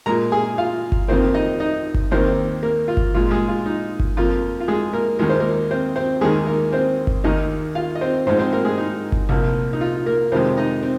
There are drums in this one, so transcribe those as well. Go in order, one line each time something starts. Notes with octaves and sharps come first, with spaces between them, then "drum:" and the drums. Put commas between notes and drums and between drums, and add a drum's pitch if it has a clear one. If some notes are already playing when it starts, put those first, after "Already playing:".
A#2 G#3 A#4 A#5
G#4 G#5
F4 F5
drum: kick G1
F2 D#3 A#3 C4 C5
D#4 D#5
D#4 D#5
drum: kick G1
D#2 D#3 A#3 C4 C5
A#3 A#4
F4
drum: kick G1
A#2 G#3 F4
G#3 G#4
F4
D#4
drum: kick G1
F2 F3 A#3 F4
F4
G#3 G#4
A#3 A#4
D#2 D#3 G#3 A#4
C5
A#3 A#4
C4 C5
C4 C5
D#2 D#3 G#3 A#3 G#4
A#3 A#4
C4 C5
drum: kick G1
D#2 D#3 A#3 D#4 D#5
F4 F5
D#5
C4 C5
G#2 F3 G#3 C4 C5
C4 C5
A#3 A#4
G#3 G#4
D#4
drum: kick G1
C2 A#2 F3 A#3
D#4
F4
A#3 A#4
F2 C3 D#3 G#3 C4 C5
D#4 D#5
C4